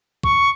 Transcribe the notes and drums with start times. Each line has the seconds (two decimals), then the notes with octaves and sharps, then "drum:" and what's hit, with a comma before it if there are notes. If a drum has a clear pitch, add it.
0.23 C#6, drum: kick